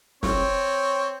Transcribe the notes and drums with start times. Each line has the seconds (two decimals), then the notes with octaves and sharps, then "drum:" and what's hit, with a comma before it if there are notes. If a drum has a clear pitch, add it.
0.23 C4 C#5, drum: snare